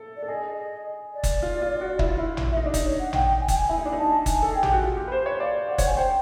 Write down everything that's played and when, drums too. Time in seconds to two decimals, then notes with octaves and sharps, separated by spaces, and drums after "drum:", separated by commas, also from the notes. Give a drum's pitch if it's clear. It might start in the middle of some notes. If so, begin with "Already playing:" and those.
Already playing: A4
0.16 D5
0.23 A4
0.28 G#4 D#5
0.57 D#5
1.14 D5
1.23 drum: kick, hi-hat
1.42 F4
1.62 F4
1.81 F#4
1.99 E4, drum: kick
2.08 F4
2.18 E4
2.37 drum: tom A1
2.51 E5
2.57 D#4 D#5
2.66 D4
2.74 D#4, drum: kick, hi-hat
2.85 C#5
2.99 F#5
3.13 G5, drum: tom A1
3.41 G#5
3.48 G5, drum: kick, hi-hat
3.56 G#5
3.69 E4 G#5
3.78 D#4
3.85 D4
3.93 D#4
3.98 A5
4.26 G#5, drum: kick, hi-hat
4.42 A4
4.52 G#4 G5
4.63 G4, drum: tom A1
4.73 F#4
4.84 F4
4.97 G4
5.08 B4
5.12 C5
5.26 C#5
5.40 D5 F5
5.69 D5 F#5
5.78 C#5, drum: kick, hi-hat
5.87 G#5
5.96 C5 G5